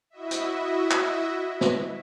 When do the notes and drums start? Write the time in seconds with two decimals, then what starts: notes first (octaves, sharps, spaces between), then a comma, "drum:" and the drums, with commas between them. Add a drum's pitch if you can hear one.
0.10 E4 F#4 D#5 E5
0.31 drum: hi-hat
0.91 drum: clap
1.61 drum: snare